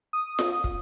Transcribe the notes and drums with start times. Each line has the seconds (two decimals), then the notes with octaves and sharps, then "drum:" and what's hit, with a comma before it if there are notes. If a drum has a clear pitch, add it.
0.13 D#6
0.39 drum: snare F4
0.64 drum: kick